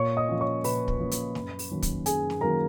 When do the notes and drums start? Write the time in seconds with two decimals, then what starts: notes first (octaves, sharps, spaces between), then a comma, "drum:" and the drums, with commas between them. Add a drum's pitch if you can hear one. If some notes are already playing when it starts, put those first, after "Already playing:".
Already playing: A#2 C#5 C#6
0.17 D#5 D#6
0.28 F3 A#3 C#4
0.40 C#5 C#6
0.64 A#2 B4 B5, drum: open hi-hat
0.88 drum: kick
1.00 F3 A#3 C#4
1.11 drum: hi-hat
1.35 F#2, drum: snare
1.59 drum: open hi-hat
1.71 D#3 F#3 A#3 C#4
1.82 drum: kick, hi-hat
2.06 F#2 G#4 G#5, drum: hi-hat
2.30 drum: snare
2.41 D#3 F#3 A#3 C#4 A#4 A#5